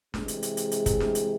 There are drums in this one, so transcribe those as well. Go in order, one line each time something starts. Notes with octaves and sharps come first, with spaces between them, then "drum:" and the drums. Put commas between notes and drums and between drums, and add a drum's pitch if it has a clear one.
C3 E3 G#3, drum: snare
drum: hi-hat
drum: hi-hat
drum: hi-hat
drum: hi-hat
drum: kick, hi-hat
drum: snare
drum: hi-hat